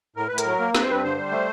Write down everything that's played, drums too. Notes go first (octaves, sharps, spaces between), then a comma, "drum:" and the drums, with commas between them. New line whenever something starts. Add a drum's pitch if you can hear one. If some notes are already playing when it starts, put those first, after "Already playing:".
A2 A#4
A2 B4
A#4, drum: hi-hat
F#3
A#3
C4 B4, drum: snare
C5
G2 B4
D3 C5
G3
A3